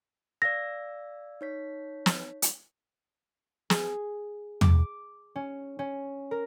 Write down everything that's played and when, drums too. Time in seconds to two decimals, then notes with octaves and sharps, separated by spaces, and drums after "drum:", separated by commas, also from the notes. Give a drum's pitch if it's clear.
0.42 D5 F5 E6 A#6
1.41 D#4 C#5 B6
2.06 drum: snare
2.42 drum: hi-hat
3.70 G#4, drum: snare
4.61 D6, drum: tom
5.36 C#4
5.79 C#4
6.31 A#4